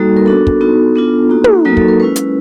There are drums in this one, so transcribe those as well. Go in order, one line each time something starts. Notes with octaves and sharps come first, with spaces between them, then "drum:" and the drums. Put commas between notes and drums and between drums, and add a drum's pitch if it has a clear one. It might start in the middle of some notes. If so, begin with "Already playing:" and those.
Already playing: G3 A#3 D#4 F#4 A4
A#4
B3 D4 F#4 A4
drum: kick
B3 D#4 F#4
B3 D4 F4
A#3 D#4 F#4
drum: tom
F#3 A#3 D#4 F#4 A#4
A4, drum: kick
A#4
G#3 C#4 E4 B4
drum: hi-hat